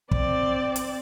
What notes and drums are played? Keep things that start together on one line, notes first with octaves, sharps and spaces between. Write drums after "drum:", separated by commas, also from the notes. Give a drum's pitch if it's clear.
C4 D5, drum: kick
drum: hi-hat